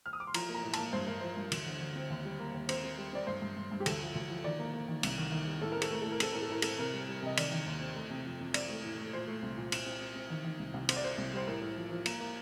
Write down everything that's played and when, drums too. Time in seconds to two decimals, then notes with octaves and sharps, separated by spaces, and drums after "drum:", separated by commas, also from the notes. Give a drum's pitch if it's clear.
0.06 F6
0.13 D#6
0.20 D6
0.27 C6
0.34 F3 A#5, drum: cymbal
0.49 A#3
0.54 A#5
0.63 A2
0.73 A5, drum: cymbal
0.79 A#3
0.93 G2 C5
1.07 G2 A#4
1.20 F3 C5
1.37 G2
1.52 D2, drum: cymbal
1.66 D3
1.80 D3
1.96 C4
2.10 D#2
2.25 G3
2.39 A#3
2.54 D#2
2.69 C4 C5, drum: cymbal
2.84 C4
2.98 G3
3.13 C4 D5
3.27 G2 C5
3.42 G2
3.57 G2
3.72 G2
3.80 G4
3.86 D2 A4, drum: cymbal
4.01 F3
4.15 D2
4.30 F3
4.44 D#3 D5
4.59 A#3
4.73 A#3
4.88 D#3
5.03 C2, drum: cymbal
5.18 D#3
5.32 D#3
5.47 G3
5.61 A2 A4
5.72 C4 A#4
5.82 A4, drum: cymbal
5.91 A3 A#4
6.02 A2 A4
6.12 A#4
6.20 C4 A4, drum: cymbal
6.32 A2 A#4
6.42 A4
6.50 A2 A#4
6.62 C4 A4, drum: cymbal
6.79 C3 A#4
6.93 G3
7.08 G3
7.23 C3 D#5
7.37 D#3 D5, drum: cymbal
7.52 D#3
7.66 D#2
7.81 C4
7.96 A3
8.10 C3
8.25 F2
8.40 F2
8.54 C4 D5, drum: cymbal
8.69 A3
8.84 A2
8.98 A3
9.13 A#2 C5
9.28 A3
9.42 C2
9.57 A#2
9.72 C4, drum: cymbal
9.86 C4
10.01 C4
10.16 C4
10.30 D#3
10.45 D#3
10.59 C2
10.74 C2
10.89 C4 C5, drum: cymbal
10.96 D5
11.04 C4 C5
11.18 C2
11.33 G3 C5
11.47 A2 A#4
11.61 A2
11.77 F3
11.91 F3
12.06 A#3, drum: cymbal
12.20 A#3